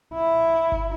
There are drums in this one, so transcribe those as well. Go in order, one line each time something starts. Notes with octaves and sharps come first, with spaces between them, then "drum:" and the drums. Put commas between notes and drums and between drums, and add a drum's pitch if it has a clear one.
E4
drum: kick G1